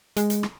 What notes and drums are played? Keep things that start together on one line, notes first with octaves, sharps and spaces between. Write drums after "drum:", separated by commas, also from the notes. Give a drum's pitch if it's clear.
G#3, drum: hi-hat
drum: hi-hat
drum: rim click